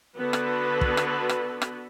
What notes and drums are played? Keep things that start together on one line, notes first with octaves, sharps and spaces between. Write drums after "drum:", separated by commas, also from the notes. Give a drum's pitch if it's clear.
D3 B3 F#4 A4 B4
drum: rim click
drum: kick
drum: rim click
drum: rim click
drum: rim click